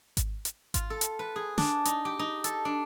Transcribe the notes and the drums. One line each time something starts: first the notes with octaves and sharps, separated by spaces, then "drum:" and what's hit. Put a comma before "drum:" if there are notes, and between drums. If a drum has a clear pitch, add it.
drum: kick G#1, hi-hat
drum: hi-hat
F4, drum: kick G#1, hi-hat
A4
drum: hi-hat
B4
G#4
D4, drum: snare
D#4, drum: hi-hat
G4
D#4
A4, drum: hi-hat
D4